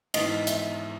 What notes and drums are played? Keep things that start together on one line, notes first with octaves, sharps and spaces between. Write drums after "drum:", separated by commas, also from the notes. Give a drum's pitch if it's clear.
G#2 E3 B3 D#4 D#5, drum: cymbal
E5, drum: hi-hat